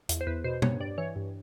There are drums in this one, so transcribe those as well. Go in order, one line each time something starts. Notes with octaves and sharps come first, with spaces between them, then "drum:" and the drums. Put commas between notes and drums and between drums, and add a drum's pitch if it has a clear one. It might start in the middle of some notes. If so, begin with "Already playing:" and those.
E2, drum: hi-hat
C5
E2 B4
B2 C5
G2 C#5, drum: tom B2
G2 D5
E3 C#5
G2